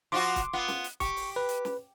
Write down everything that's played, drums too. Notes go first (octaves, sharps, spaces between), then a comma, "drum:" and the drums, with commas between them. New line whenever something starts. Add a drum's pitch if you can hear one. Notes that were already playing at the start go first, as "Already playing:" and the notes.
F3 F4 F#4 C6 D6
drum: kick, hi-hat
B3 F4
drum: snare
drum: hi-hat
G4 C#6, drum: kick, hi-hat
drum: open hi-hat
B4
drum: hi-hat
drum: snare